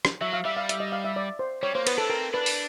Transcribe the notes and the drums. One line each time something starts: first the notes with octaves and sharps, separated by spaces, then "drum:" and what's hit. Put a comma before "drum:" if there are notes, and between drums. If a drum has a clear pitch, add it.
drum: rim click
F#3 E5
F5
G3 E5
F5
E5, drum: hi-hat
D#5
F5
E5
D5
C5
G3 C#5
A#3 C5
B3 B4, drum: cymbal
D4 A4
C4 A#4
D4 B4
drum: open hi-hat